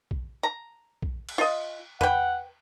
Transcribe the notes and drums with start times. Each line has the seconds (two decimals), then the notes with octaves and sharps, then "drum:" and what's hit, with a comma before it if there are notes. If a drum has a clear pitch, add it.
0.11 drum: kick
0.43 A#5
1.02 drum: kick
1.29 drum: cymbal
1.38 F4 D#5
2.01 B4 F#5 G5, drum: tom E2